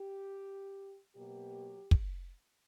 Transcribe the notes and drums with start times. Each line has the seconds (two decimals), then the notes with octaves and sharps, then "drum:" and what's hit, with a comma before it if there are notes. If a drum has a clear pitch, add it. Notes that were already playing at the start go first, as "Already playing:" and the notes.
Already playing: G4
1.15 B2 F#3 A#3 G4
1.91 drum: kick